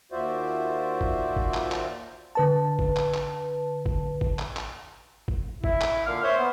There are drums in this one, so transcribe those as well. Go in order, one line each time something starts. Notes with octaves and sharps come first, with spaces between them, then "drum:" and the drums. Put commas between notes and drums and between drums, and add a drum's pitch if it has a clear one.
D#2 F4 F#4 C5 D5 E5
drum: kick G1
drum: kick G1
drum: clap
drum: clap
D3 B4 A5
drum: kick G1
drum: clap
drum: clap
drum: kick G1
drum: kick G1
drum: clap
drum: clap
drum: kick G1
E4, drum: kick G1
drum: clap
A#2 D3 F5
C5 C#5 E5
B3